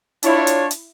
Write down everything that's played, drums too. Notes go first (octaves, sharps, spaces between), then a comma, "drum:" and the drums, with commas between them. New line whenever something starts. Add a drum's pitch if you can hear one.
D4 E4 F4 C#5, drum: hi-hat
drum: hi-hat
drum: hi-hat